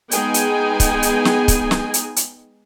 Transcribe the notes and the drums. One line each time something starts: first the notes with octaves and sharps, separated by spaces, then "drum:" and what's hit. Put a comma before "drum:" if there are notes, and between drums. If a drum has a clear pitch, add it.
G#3 B3 D#4 G#4 G5 G#5, drum: hi-hat
drum: hi-hat
drum: kick, hi-hat
drum: hi-hat
drum: snare
drum: kick, hi-hat
drum: snare
drum: hi-hat
drum: hi-hat